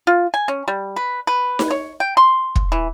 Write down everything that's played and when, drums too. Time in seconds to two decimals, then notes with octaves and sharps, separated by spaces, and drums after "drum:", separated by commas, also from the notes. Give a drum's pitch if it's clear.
0.07 F4
0.34 G#5
0.48 C#4
0.68 G3
0.96 B4
1.27 B4
1.59 drum: snare D#4
1.71 C#5
2.00 G5
2.17 C6
2.56 drum: kick
2.72 E3